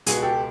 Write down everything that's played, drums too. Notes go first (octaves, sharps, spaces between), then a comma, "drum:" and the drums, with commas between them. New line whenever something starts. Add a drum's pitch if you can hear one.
C#2 B2 F#4 G#4, drum: hi-hat
G4 A4